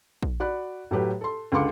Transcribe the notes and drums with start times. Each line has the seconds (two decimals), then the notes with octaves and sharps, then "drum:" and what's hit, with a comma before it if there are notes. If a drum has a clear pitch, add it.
0.23 drum: kick A#1
0.40 F#4 D5 B5 F#6
0.91 A2 F#3 G4 B4
1.21 A4 C6
1.52 C#2 D3 F5 C6 D6 C#7